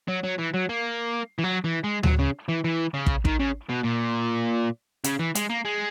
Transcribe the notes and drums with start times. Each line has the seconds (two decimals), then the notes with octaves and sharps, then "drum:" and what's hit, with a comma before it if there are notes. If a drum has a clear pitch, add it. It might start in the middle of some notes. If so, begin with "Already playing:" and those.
0.08 F#3
0.23 F#3
0.38 E3
0.54 F#3
0.69 A#3
1.39 E3
1.44 F#3
1.64 E3
1.84 G#3
2.03 F#3, drum: tom D2
2.19 C#3
2.49 E3
2.64 E3
2.94 C#3
3.06 drum: kick
3.25 D#3, drum: kick
3.39 C#3
3.70 B2
3.84 A#2
5.04 C#3, drum: hi-hat
5.19 E3
5.35 G#3, drum: hi-hat
5.50 A#3
5.65 G#3